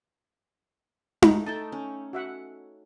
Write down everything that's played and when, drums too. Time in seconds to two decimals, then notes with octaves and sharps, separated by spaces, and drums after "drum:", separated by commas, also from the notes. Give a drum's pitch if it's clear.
1.22 A3, drum: tom D#4
1.46 A3 D#4 G5 A5
1.72 C#4
2.13 F#4 E5 F#5